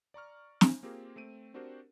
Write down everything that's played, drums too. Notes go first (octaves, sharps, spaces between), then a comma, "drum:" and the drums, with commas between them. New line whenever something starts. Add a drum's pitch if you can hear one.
D5 A#5 C#6 F6
drum: snare
A#3 C4 F4 G4 G#4 A#4
A3 C4 D7 D#7
C4 D4 F#4 G4 A#4 C5